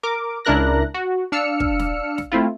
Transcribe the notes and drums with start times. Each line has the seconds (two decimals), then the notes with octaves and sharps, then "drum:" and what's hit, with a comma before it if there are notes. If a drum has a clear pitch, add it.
0.03 A#4 D6
0.45 C#2 D4 E4 A#4 F#6 A#6
0.94 F#4
1.32 D4 F5 E6 F6 C#7
1.60 drum: kick
1.79 drum: snare
2.18 drum: snare
2.32 A3 C4 E4 F4